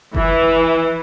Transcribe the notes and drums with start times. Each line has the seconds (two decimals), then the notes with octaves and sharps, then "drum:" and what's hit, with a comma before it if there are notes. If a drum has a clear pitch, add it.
0.15 E3, drum: kick F#1